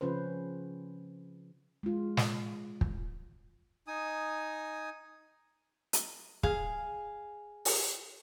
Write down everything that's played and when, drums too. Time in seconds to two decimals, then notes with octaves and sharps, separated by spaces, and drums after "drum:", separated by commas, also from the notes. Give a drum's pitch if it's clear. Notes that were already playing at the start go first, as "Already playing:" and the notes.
0.01 C#3 F3 C#4 B4 C5
1.83 G#3 F4
2.17 drum: snare
2.81 drum: kick
3.87 D#4 G#5 D#6
5.93 drum: hi-hat
6.43 G#4 F5, drum: kick
7.65 drum: open hi-hat